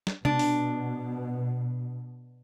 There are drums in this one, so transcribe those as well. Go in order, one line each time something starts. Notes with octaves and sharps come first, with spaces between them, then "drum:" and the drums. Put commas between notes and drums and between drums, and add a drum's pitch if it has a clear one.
drum: snare
B2 D4, drum: tom C3
drum: open hi-hat